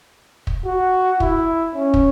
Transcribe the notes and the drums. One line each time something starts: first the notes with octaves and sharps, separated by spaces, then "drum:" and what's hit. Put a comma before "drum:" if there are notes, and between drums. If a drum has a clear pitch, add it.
drum: kick
F#4
E4, drum: kick
C#4
drum: kick